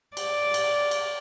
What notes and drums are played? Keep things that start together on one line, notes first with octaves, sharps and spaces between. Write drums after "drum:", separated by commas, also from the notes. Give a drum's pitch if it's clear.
D5, drum: cymbal
drum: cymbal
drum: cymbal